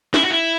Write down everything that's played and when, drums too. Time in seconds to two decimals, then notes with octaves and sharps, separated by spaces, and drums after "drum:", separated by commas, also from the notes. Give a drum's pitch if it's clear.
0.14 E4, drum: snare
0.23 F#4
0.31 E4